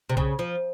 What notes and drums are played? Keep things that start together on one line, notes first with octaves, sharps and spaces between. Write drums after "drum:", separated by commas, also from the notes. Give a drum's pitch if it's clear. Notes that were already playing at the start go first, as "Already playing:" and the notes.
C3
C#3, drum: kick B1
F3